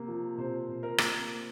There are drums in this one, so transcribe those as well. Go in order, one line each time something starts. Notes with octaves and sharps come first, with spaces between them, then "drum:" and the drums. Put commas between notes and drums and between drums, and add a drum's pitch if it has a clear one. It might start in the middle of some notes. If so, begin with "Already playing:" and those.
Already playing: C3 A#3
F3
C3 C5
C3
A#4
A#3, drum: rim click